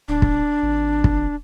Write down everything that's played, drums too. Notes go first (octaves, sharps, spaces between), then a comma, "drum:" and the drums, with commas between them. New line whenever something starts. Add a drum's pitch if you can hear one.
D1 D4
drum: kick
G#1
drum: kick